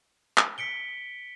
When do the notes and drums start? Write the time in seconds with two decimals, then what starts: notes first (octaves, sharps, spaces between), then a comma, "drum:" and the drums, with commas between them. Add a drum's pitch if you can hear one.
0.38 drum: clap
0.58 B6 C#7 D7 G7